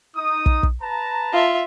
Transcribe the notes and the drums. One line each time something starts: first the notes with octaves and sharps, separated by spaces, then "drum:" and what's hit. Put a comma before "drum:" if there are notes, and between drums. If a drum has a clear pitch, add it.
D#4 D#6
drum: kick
drum: kick
B4 A5 A#5
F4 E5